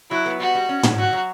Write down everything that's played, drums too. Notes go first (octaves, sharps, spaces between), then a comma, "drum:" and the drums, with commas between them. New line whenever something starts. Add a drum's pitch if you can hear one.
F#3 E4
B3
G3 F#4
G3
C#4
C#4, drum: tom
F#3 F#4
F#3